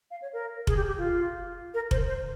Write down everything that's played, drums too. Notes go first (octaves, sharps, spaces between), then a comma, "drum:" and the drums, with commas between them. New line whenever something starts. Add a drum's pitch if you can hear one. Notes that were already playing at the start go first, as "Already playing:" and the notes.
F5
C#5
A#4
G#4, drum: kick F1
G4
G4
F4
A#4
C5, drum: kick F1
C5